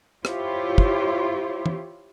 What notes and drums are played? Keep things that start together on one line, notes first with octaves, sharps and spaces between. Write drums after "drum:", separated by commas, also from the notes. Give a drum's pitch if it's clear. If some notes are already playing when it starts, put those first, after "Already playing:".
E4 F4 G4 C5 C#5, drum: rim click
drum: kick
drum: tom